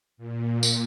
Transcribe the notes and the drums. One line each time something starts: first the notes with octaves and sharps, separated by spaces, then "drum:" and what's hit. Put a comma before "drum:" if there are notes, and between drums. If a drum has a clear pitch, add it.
A#2
drum: tambourine